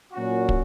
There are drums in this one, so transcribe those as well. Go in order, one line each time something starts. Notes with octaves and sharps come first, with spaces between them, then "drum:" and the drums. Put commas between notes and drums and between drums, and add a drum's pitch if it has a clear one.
A#2 F#3 C#4 F#4
drum: kick